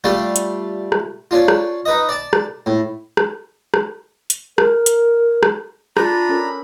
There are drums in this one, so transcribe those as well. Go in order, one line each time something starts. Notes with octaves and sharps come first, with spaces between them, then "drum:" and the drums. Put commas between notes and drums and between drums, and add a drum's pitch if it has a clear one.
G3 A3 D4 F4
drum: hi-hat
drum: rim click
C#4 D4 F4
drum: rim click
D#4 B4 D#5
D5 A5
drum: rim click
A2
drum: rim click
drum: rim click
drum: hi-hat
A#4, drum: rim click
drum: hi-hat
drum: rim click
D4 F4 A#5 B5, drum: rim click
C#4 A4 A#4